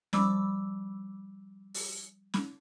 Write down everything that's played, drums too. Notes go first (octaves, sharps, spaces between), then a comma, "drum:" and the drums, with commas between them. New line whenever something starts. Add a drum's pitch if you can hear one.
F3 G3 D6 E6, drum: snare C#4
drum: open hi-hat
drum: snare C#4